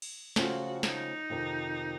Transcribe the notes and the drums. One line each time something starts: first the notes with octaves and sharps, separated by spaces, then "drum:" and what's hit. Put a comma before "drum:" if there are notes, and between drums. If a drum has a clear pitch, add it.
drum: cymbal
C#3 F3 A3 C4 F4 F#4, drum: snare
D#4, drum: snare
F2 C3 D#3